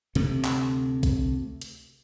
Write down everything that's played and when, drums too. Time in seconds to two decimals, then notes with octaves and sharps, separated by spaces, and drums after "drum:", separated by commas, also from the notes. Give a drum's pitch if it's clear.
0.15 D2 C3 A3, drum: hi-hat
0.45 drum: clap
1.03 drum: kick A#1, hi-hat
1.62 drum: hi-hat